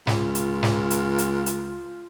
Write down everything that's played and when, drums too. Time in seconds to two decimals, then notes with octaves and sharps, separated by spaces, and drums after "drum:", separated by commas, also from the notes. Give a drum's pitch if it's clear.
0.07 C#2 F4, drum: snare
0.35 drum: hi-hat
0.63 drum: snare
0.90 drum: hi-hat
1.18 drum: hi-hat
1.46 drum: hi-hat